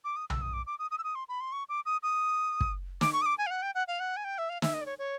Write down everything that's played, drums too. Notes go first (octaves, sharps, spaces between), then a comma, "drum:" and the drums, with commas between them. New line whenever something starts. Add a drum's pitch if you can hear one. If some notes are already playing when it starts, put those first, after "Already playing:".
D6
D#6
E6, drum: tom B1
D#6
D6
D6
D#6
D#6
E6
D#6
C6
B5
C6
C#6
D6
D#6
D#6
drum: kick
D6, drum: snare
C#6
D#6
D6
G#5
F5
F#5
G5
F#5
F5
F#5
G#5
G5
E5
F5
E5, drum: snare
D#5
D5
C#5
C#5